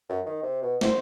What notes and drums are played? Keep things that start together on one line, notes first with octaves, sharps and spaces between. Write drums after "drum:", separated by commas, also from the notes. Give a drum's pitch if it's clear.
F#2
D#3
C3
B2
C5, drum: snare